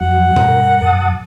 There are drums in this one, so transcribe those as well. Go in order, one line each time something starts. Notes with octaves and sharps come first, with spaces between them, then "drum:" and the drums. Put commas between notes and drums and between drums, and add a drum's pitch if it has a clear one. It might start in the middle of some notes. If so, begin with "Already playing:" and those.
F2 F#3 F#5
G2 A#4, drum: tom B2
F#2 A5 D#6